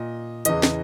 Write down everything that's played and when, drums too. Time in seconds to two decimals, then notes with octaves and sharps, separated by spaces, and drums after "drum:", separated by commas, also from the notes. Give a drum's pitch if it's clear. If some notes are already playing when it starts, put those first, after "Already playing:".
Already playing: A#2 D#5
0.45 E2 C#3 E3 D#5, drum: hi-hat
0.63 drum: snare